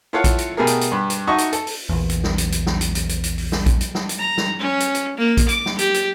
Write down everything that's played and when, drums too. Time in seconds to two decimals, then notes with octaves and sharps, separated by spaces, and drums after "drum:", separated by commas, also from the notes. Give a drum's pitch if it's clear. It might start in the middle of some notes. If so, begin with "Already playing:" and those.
0.13 E4 F4 A4 C#5 F5 F#5
0.24 drum: kick A#1, hi-hat
0.38 drum: hi-hat
0.57 B2 A3 G4 G#4 A#4
0.67 drum: hi-hat
0.81 drum: hi-hat
0.92 G2 B5
1.10 drum: hi-hat
1.27 D#4 F#4 D#5 E5 A5 C#6
1.38 drum: hi-hat
1.53 A4, drum: hi-hat
1.67 drum: open hi-hat
1.89 A#1 E2
2.10 drum: hi-hat
2.24 drum: snare
2.38 drum: hi-hat
2.52 drum: hi-hat
2.67 drum: snare
2.81 drum: hi-hat
2.95 drum: hi-hat
3.09 drum: hi-hat
3.24 drum: hi-hat
3.38 drum: open hi-hat
3.52 drum: snare
3.66 drum: kick A#1, hi-hat
3.81 drum: hi-hat
3.95 drum: snare
4.09 drum: hi-hat
4.19 A#5
4.38 drum: snare
4.59 C#4
4.80 drum: hi-hat
4.95 drum: hi-hat
5.17 A#3
5.37 drum: kick A#1, hi-hat
5.49 D6, drum: hi-hat
5.66 drum: snare
5.79 G4, drum: hi-hat
5.94 drum: hi-hat